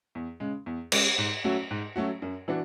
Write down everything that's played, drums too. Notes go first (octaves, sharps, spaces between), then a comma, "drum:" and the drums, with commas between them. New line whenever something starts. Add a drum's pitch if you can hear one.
E2
C#3 G#3
E2
C#3 G#3, drum: cymbal
G#2
F#3 A3 C#4 F#4
G#2
F#3 A3 C#4 F#4
F#2
E3 B3 D4 F#4